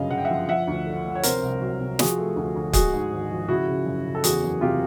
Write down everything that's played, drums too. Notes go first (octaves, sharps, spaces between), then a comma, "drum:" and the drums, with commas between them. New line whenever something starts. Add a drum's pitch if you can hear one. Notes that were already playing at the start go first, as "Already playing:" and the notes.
Already playing: G1 F#2 C#3 D#5 F5
C#3 F#5
G5
E5 F#5
F3
F3 E5 F#5
D2
D3
F3
C#5
C3 A#4 C5, drum: hi-hat
C2
F#3
C3
F3 F#4 G#4, drum: snare
A3
D2
D2
G#3 F#4 G#4, drum: kick, hi-hat
G#2
G#1
F3
C#3 E4 F#4
C#3
F#2
C#3
A4
E2 F#4 G#4, drum: hi-hat
F#1
C3 F4 G4